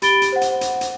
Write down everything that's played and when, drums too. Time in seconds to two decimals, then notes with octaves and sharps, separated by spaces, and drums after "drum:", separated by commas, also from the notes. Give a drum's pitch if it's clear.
0.02 G4 B5 A6 D7 G7, drum: hi-hat
0.22 drum: hi-hat
0.32 C5 F#5
0.41 drum: hi-hat
0.61 drum: hi-hat
0.81 drum: hi-hat